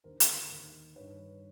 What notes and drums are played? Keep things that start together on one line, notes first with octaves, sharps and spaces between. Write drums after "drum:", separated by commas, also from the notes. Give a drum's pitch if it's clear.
D#2 D3 A#4 C5
drum: hi-hat
D#2 D#3
G2 D#3 B4 C#5